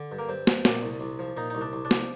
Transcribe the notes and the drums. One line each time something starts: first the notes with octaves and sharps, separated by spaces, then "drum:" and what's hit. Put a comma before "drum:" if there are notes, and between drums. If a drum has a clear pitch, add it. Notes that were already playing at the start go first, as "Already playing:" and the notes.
Already playing: D3
G2
A#3
G2 C4
F3, drum: snare
A#2 D4, drum: snare
C2
C2
F3
A#2 D#4
C2 D#4
D4
C2
D4
F3, drum: snare